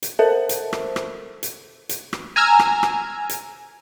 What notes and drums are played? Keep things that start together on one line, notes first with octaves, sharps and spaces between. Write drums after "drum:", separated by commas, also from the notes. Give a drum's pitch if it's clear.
drum: hi-hat
A4 A#4 C5 E5 A5
drum: hi-hat
drum: rim click
drum: rim click
drum: hi-hat
drum: hi-hat
drum: rim click
G#5 A#5 E6 F6 G#6
drum: rim click
drum: rim click
drum: hi-hat